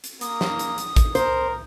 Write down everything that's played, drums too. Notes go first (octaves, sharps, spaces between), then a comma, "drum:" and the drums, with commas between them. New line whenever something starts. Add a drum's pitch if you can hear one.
drum: hi-hat
A#3 D#6, drum: hi-hat
drum: snare
drum: hi-hat
drum: hi-hat
drum: kick G#1, hi-hat
A#4 C5, drum: hi-hat